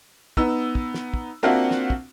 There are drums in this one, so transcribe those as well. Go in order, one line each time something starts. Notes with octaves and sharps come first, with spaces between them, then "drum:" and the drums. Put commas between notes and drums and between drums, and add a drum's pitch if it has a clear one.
B3 D#4 E6, drum: kick
drum: kick
drum: snare
drum: kick
A#3 C4 D4 F4 F#4 E5
drum: snare
drum: kick